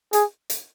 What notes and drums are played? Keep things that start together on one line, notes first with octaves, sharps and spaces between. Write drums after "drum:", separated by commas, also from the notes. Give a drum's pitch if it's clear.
G#4, drum: hi-hat
drum: hi-hat